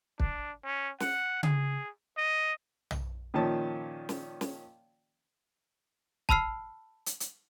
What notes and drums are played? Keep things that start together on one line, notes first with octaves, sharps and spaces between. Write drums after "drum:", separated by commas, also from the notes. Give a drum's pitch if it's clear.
D4, drum: kick
C#4
F#5, drum: snare
G#4, drum: tom C#3
D#5
drum: tom
A#2 D#3 F3 C#4 A5
drum: snare
drum: snare
A5 B5 E6 F6 C7, drum: kick
drum: hi-hat
drum: hi-hat